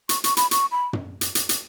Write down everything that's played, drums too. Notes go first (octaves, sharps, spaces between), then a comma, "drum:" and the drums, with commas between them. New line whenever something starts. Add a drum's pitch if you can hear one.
C#6, drum: hi-hat
C#6, drum: hi-hat
B5, drum: hi-hat
C#6, drum: hi-hat
B5
drum: tom
drum: hi-hat
drum: hi-hat
drum: hi-hat